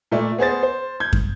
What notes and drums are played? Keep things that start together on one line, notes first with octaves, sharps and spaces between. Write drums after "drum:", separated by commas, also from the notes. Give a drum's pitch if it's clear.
A#2 A3 D5
B3 G#4 C5 A6
C5
G6 G#6
drum: kick